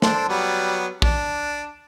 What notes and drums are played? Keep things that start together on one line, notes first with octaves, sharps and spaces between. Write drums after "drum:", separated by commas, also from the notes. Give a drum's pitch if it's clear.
D4 A4 C5, drum: snare
F#3 G3 B3
D4, drum: kick